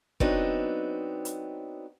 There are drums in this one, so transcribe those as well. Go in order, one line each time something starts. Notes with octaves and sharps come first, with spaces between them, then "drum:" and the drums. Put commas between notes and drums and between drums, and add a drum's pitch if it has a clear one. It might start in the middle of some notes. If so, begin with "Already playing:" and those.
F#3 B3 C4 D4 D#4, drum: kick
drum: hi-hat